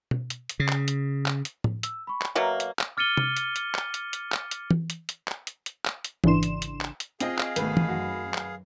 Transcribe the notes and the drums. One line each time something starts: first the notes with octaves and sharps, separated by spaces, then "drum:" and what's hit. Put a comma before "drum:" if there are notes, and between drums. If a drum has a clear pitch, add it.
drum: tom B2
drum: hi-hat
drum: hi-hat
C#3
drum: clap
drum: hi-hat
drum: clap
drum: hi-hat
drum: tom A2
E6, drum: hi-hat
B5 C#6
drum: clap
B2 F#3 A#3 E5
drum: hi-hat
drum: clap
D6 F6 A6 C#7 D#7 G7
drum: tom C3
drum: hi-hat
drum: hi-hat
drum: clap
drum: hi-hat
drum: hi-hat
drum: clap
drum: hi-hat
drum: tom
drum: hi-hat
drum: hi-hat
drum: clap
drum: hi-hat
drum: hi-hat
drum: clap
drum: hi-hat
G#1 C#3 E3 D4 C6 E7, drum: tom
drum: hi-hat
drum: hi-hat
drum: clap
drum: hi-hat
C4 F4 G#4 D#5 F5, drum: hi-hat
drum: clap
G#1 B2 D#3 A3 B4, drum: hi-hat
drum: tom
F#2 F#4
drum: clap